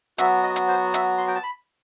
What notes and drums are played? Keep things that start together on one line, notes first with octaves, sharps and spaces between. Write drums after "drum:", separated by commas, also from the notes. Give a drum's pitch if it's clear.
F#3 B3 F#4 E5, drum: hi-hat
D#5
drum: hi-hat
C5
E5, drum: hi-hat
C6
G5
A5
B5